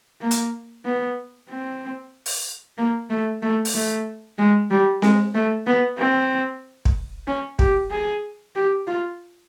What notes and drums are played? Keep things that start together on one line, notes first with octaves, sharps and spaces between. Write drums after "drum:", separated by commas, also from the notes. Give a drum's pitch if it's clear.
A#3
drum: hi-hat
B3
C4
drum: open hi-hat
A#3
A3
A3
drum: open hi-hat
A3
G#3
G3
G#3, drum: snare C4
A3
B3
C4
drum: kick
C#4
G4, drum: kick
G#4
G4
F4